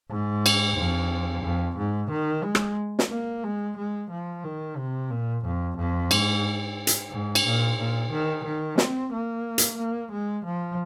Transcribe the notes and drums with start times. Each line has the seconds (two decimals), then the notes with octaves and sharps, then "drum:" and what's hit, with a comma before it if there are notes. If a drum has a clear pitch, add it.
0.10 G#2
0.46 drum: cymbal
0.76 F2
1.43 F2
1.77 G#2
2.11 D#3
2.43 G#3
2.55 drum: rim click
2.99 drum: snare
3.10 A#3
3.44 G#3
3.77 G#3
4.10 F3
4.44 D#3
4.77 C3
5.10 A#2
5.44 F2
5.78 F2
6.11 G#2, drum: cymbal
6.87 drum: hi-hat
7.11 G#2
7.35 drum: cymbal
7.45 A#2
7.78 A#2
8.12 D#3
8.45 D#3
8.78 C4, drum: snare
9.12 A#3
9.58 drum: hi-hat
9.78 A#3
10.12 G#3
10.45 F3